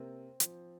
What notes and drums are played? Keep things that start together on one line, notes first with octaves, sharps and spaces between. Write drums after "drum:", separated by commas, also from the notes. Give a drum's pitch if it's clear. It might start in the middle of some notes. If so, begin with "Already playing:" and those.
Already playing: C3 A#3 C4
F3, drum: hi-hat